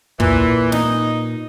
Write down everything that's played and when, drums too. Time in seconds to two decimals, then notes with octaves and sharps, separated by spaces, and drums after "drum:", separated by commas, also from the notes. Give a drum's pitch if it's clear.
0.20 A#2 E3, drum: kick
0.72 D#4, drum: snare